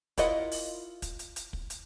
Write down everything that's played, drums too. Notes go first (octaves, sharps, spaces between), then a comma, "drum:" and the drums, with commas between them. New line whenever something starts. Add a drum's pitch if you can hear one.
E4 F4 A#4 D#5 F#5, drum: kick, hi-hat
drum: open hi-hat
drum: kick, hi-hat
drum: hi-hat
drum: hi-hat
drum: kick
drum: hi-hat